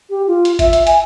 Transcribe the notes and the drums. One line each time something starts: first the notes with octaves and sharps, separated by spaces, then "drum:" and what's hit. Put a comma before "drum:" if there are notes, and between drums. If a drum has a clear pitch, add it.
G4
F4
drum: hi-hat
E5, drum: kick G#1, hi-hat
drum: hi-hat
G#5, drum: hi-hat